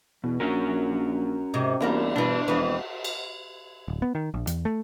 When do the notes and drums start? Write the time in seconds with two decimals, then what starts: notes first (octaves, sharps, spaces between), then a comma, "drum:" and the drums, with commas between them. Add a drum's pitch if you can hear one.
0.24 E2 B2
0.40 A#1 C#4 F#4 A#4
1.54 G#2 C3
1.81 E2 G3 A#3 D4, drum: cymbal
2.16 G2 B2 E3 D4
2.48 E1 F2 E3
3.04 drum: cymbal
3.88 D1
4.02 B3
4.15 D#3
4.34 A#1
4.47 E2, drum: hi-hat
4.65 A3